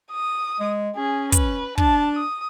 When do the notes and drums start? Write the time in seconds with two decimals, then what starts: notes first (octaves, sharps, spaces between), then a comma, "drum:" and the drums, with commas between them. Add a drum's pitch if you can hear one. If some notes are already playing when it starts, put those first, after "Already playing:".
0.11 D#6
0.60 G#3
0.96 C#4 G#4
1.32 B4, drum: kick, hi-hat
1.78 D4 A5, drum: kick
2.15 D#6